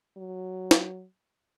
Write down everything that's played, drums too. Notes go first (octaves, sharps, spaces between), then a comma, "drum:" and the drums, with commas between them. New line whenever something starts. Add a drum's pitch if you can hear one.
F#3
drum: snare